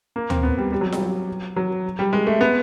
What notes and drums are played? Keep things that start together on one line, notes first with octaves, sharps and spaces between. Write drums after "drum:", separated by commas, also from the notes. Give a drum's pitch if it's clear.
A#3
C4, drum: tom D2
B3
G3
G3
F#3
G3, drum: snare F4
F#3
F#3
G3
G#3
A3
B3